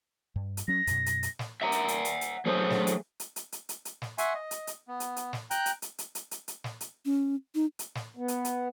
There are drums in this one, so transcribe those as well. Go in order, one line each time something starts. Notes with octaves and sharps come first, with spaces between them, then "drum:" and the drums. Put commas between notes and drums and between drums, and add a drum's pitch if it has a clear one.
G2
drum: hi-hat
F#3 C#4 A#6
F#2 B2, drum: hi-hat
drum: hi-hat
drum: hi-hat
drum: snare
E5 F#5 A#5
drum: hi-hat
drum: hi-hat
drum: hi-hat
drum: hi-hat
F#3 A3 G#4 C5
drum: snare
drum: hi-hat
drum: hi-hat
drum: hi-hat
drum: hi-hat
drum: hi-hat
drum: hi-hat
drum: snare
E5 F#5 G#5 C6 C#6, drum: hi-hat
D#5
drum: hi-hat
drum: hi-hat
B3
drum: hi-hat
drum: hi-hat
drum: snare
G5 A#5 F#6 G6, drum: hi-hat
drum: hi-hat
drum: hi-hat
drum: hi-hat
drum: hi-hat
drum: hi-hat
drum: hi-hat
drum: snare
drum: hi-hat
C#4
D#4
drum: hi-hat
drum: snare
B3
drum: hi-hat
drum: hi-hat